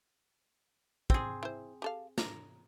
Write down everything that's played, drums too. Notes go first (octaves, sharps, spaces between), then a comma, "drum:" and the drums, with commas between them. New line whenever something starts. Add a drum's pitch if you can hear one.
C4 G#4, drum: kick
E4 C5
G4 A4 F5
D4 A#5, drum: snare